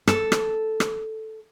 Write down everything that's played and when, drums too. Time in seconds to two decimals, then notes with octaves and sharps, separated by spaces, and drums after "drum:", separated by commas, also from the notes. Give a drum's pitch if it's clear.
0.07 A4, drum: rim click
0.32 drum: rim click
0.80 drum: rim click